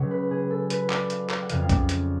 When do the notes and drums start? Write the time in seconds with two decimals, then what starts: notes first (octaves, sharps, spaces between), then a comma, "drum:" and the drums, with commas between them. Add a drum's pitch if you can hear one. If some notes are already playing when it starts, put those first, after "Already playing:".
Already playing: C#2 C#3 F#3 C#5
0.11 B4
0.31 G#4
0.50 A4
0.70 B4, drum: hi-hat
0.90 D5, drum: clap
1.10 F5, drum: hi-hat
1.30 D5, drum: clap
1.42 F#5
1.50 F2 C#3 F3 F5, drum: hi-hat
1.63 F5
1.69 D5, drum: kick, hi-hat
1.89 C#5, drum: hi-hat